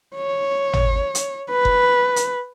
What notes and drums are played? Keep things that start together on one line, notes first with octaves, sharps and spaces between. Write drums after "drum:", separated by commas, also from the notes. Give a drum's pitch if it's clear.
C#5
drum: tom G#1
drum: hi-hat
B4
drum: kick F#1
drum: hi-hat